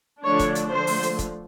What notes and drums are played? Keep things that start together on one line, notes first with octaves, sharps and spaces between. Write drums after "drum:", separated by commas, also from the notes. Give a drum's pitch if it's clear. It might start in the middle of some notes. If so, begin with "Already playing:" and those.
D3 F3 A3 D4 C#5
drum: kick, hi-hat
drum: hi-hat
D3 F3 A3 C5
drum: open hi-hat
drum: hi-hat
drum: kick, hi-hat